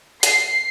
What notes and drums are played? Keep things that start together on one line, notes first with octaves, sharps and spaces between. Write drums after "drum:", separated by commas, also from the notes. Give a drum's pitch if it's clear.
C7, drum: hi-hat